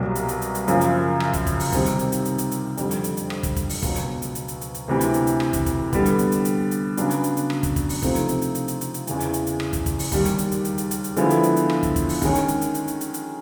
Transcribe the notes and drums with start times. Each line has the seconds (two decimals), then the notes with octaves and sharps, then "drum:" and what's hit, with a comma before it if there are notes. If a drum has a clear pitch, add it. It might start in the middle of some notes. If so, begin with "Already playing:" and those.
Already playing: C2 B2 F#3 A#3
0.15 drum: hi-hat
0.28 drum: hi-hat
0.42 drum: hi-hat
0.55 drum: hi-hat
0.68 F#2 C#3 F3 A#3, drum: hi-hat
0.81 drum: hi-hat
1.20 drum: rim click
1.33 drum: kick, hi-hat
1.47 drum: kick, hi-hat
1.60 drum: open hi-hat
1.72 C3 D#3 G3 C4 D#4, drum: kick, hi-hat
1.86 drum: hi-hat
1.99 drum: hi-hat
2.12 drum: hi-hat
2.25 drum: hi-hat
2.38 drum: hi-hat
2.51 drum: hi-hat
2.77 F2 D3 G3, drum: hi-hat
2.91 drum: hi-hat
3.04 drum: hi-hat
3.17 drum: hi-hat
3.30 drum: rim click
3.43 drum: kick, hi-hat
3.56 drum: kick, hi-hat
3.69 drum: open hi-hat
3.82 C#2 B2 F#3, drum: kick, hi-hat
3.96 drum: hi-hat
4.22 drum: hi-hat
4.35 drum: hi-hat
4.48 drum: hi-hat
4.61 drum: hi-hat
4.74 drum: hi-hat
4.88 D2 C3 E3
5.01 drum: hi-hat
5.14 drum: hi-hat
5.27 drum: hi-hat
5.40 drum: rim click
5.53 drum: kick, hi-hat
5.66 drum: kick, hi-hat
5.93 D3 G3 B3, drum: kick, hi-hat
6.06 drum: hi-hat
6.19 drum: hi-hat
6.32 drum: hi-hat
6.45 drum: hi-hat
6.71 drum: hi-hat
6.97 C#3 F#3 B3 D4, drum: hi-hat
7.11 drum: hi-hat
7.24 drum: hi-hat
7.37 drum: hi-hat
7.50 drum: rim click
7.63 drum: kick, hi-hat
7.76 drum: kick, hi-hat
7.89 drum: open hi-hat
8.02 C3 F3 A3 C4 D#4, drum: kick, hi-hat
8.15 drum: hi-hat
8.29 drum: hi-hat
8.42 drum: hi-hat
8.55 drum: hi-hat
8.68 drum: hi-hat
8.81 drum: hi-hat
8.94 drum: hi-hat
9.07 E2 C#3 E3, drum: hi-hat
9.20 drum: hi-hat
9.33 drum: hi-hat
9.47 drum: hi-hat
9.60 drum: rim click
9.73 drum: kick, hi-hat
9.86 drum: kick, hi-hat
9.99 drum: open hi-hat
10.12 D#2 D#3 G3, drum: kick, hi-hat
10.25 drum: hi-hat
10.38 drum: hi-hat
10.52 drum: hi-hat
10.65 drum: hi-hat
10.78 drum: hi-hat
10.91 drum: hi-hat
11.04 drum: hi-hat
11.17 D3 F3 G#3 B3 E4, drum: hi-hat
11.30 drum: hi-hat
11.43 drum: hi-hat
11.56 drum: hi-hat
11.70 drum: rim click
11.83 drum: kick, hi-hat
11.96 drum: kick, hi-hat
12.09 drum: open hi-hat
12.22 D#3 G#3 C#4, drum: kick, hi-hat
12.35 drum: hi-hat
12.48 drum: hi-hat
12.61 drum: hi-hat
12.74 drum: hi-hat
12.88 drum: hi-hat
13.01 drum: hi-hat
13.14 drum: hi-hat